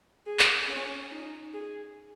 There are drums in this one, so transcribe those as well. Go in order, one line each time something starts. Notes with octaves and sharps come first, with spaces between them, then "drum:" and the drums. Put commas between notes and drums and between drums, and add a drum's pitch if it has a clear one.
G#4
drum: clap
C#4
D#4
G#4